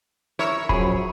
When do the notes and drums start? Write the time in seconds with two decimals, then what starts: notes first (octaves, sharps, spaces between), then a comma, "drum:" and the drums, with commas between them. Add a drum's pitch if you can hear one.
0.39 E4 A#4 C#5 E5
0.69 F#2 F3 F#3 G#4 B5, drum: kick